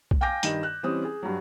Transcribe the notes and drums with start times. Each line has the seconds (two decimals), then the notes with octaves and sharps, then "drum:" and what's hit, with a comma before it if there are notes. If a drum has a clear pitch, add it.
0.11 drum: kick
0.21 F5 G5 G#5 D6 G6 A#6
0.43 G2 D#3 D#5 E7, drum: hi-hat
0.63 F#6
0.83 E3 G3 C4 C#4 D#6
1.05 G#4
1.23 G2 F#3